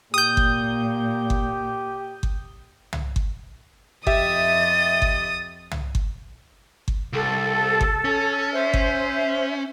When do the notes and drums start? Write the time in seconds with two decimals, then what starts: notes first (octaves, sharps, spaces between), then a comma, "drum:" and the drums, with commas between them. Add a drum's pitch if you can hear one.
0.14 A#2 G4 D#6 G6
0.37 drum: kick G1
1.30 drum: kick G1
2.23 drum: kick G1
2.93 drum: tom
3.16 drum: kick G1
4.07 F2 G4 D#5 E5 D#6 A6, drum: kick G1
5.02 drum: kick G1
5.71 drum: tom
5.95 drum: kick G1
6.88 drum: kick G1
7.13 C2 A4
7.81 drum: kick G1
8.05 C#4
8.53 C5 E5
8.74 drum: kick G1